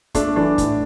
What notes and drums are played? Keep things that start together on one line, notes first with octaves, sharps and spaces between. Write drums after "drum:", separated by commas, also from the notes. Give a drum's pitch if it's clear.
A3 D4, drum: kick, hi-hat
E3 D4
A2, drum: kick, hi-hat